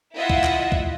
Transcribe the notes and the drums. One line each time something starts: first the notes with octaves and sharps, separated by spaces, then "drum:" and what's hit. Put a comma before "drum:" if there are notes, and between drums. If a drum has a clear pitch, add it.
E4 F4 D#5 E5 F#5
drum: kick
drum: clap
drum: kick